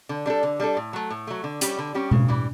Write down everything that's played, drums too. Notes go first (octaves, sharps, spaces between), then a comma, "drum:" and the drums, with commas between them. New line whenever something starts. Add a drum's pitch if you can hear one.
D3
G3 D4 A4
D3
G3 D4 A4
A2
F#3 A3
A2
F#3 A3
D3
G3 C#4 G4, drum: hi-hat
D3
G3 C#4 G4
C#3, drum: tom B2
E3 G3